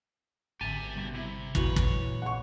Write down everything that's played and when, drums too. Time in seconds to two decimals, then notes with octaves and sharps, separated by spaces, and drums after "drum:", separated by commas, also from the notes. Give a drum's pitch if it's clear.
0.61 G#1 D3 G4 E5 G#5 A5
0.96 G2 B2
1.15 C3 E4
1.55 A#2 E3 F#4 B4 C#5, drum: kick
1.76 drum: kick
2.22 F#5 C#6